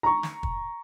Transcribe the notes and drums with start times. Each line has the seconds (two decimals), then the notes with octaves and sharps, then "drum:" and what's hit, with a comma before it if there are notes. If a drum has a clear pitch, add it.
0.03 A#5 C#6
0.23 drum: snare
0.43 drum: kick